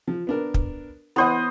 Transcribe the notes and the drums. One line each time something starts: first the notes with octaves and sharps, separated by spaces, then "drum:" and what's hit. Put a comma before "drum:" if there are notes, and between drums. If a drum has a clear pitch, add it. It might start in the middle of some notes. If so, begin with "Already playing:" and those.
F3
B3 D4 A#4
drum: kick
E3 B3 C5 D#5 F#5